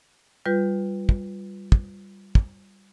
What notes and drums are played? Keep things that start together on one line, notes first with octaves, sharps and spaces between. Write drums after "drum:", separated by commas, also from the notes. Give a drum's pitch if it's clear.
G3 F4 B4 G6
drum: kick
drum: kick
drum: kick